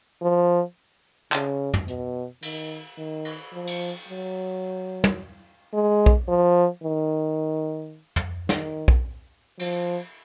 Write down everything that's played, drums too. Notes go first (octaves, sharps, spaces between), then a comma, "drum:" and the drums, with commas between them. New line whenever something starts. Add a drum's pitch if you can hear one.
F3
C#3, drum: clap
drum: tom
B2, drum: hi-hat
D#3, drum: cymbal
D#3
drum: cymbal
F3
drum: cymbal
F#3
drum: tom
G#3
drum: kick
F3
D#3
drum: tom
D#3, drum: snare
drum: kick
F3, drum: cymbal